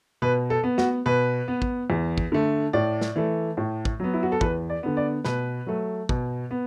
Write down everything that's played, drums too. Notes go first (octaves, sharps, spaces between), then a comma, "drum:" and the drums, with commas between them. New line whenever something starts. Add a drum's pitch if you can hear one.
B2 B4
A4
B3
F#4, drum: snare
B2 B4
B3
drum: kick
E2
drum: kick
D3 A3
A2 D5
drum: snare
E3 A3
A2
drum: kick
F#3 B3
E4
F#4
A4
E2 B4, drum: kick
D5
D3 B3
D5
B2 B4, drum: snare
F#3 A3
B2, drum: kick
B3